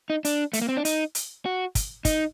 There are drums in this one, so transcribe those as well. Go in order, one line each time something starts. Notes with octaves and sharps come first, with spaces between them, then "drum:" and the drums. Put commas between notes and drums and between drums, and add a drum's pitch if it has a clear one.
D#4
D4, drum: hi-hat
A3, drum: hi-hat
A#3
C4
D4
D#4, drum: hi-hat
drum: hi-hat
F#4
drum: kick, hi-hat
D#4, drum: kick, hi-hat